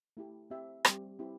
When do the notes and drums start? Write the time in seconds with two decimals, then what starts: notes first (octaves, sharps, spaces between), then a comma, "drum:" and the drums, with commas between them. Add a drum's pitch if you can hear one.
0.17 A3 E4 G4
0.50 C4 G4 E5
0.85 G3 C4 G4, drum: rim click
1.19 C4 E4 G4